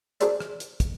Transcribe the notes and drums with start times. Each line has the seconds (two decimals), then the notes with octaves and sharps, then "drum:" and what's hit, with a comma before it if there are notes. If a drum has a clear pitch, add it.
0.21 D4 F#4 G#4 A#4 C5 D5, drum: hi-hat
0.40 drum: rim click
0.60 drum: hi-hat
0.80 drum: kick, hi-hat